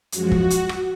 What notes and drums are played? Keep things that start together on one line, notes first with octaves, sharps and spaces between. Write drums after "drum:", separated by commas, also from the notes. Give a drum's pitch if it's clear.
F#2 F3 G#3 F#4, drum: hi-hat
drum: kick
drum: hi-hat
drum: rim click